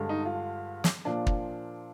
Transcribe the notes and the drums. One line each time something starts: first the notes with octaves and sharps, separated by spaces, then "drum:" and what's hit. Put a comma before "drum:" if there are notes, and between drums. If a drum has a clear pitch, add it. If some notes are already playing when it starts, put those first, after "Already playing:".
Already playing: G2 D3 G#3
D#4
F4
drum: snare
A#2 F3 A#3 D4
drum: kick